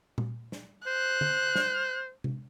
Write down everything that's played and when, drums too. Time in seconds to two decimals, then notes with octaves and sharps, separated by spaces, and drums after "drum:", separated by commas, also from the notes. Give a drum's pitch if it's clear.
0.18 drum: tom A#2
0.52 drum: snare
0.87 C5 F#6
1.21 drum: tom D3
1.55 drum: snare
2.24 drum: tom C3